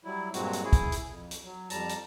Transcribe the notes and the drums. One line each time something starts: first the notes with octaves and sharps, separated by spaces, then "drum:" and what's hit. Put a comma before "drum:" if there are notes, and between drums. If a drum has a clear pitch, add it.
F#3 G3 E4
G2 A#2 F#3 G#3 C4 F#4, drum: hi-hat
drum: hi-hat
E4 G#4
drum: kick, hi-hat
drum: hi-hat
F2
drum: hi-hat
F#3
F2 G3 A5 A#5, drum: hi-hat
drum: hi-hat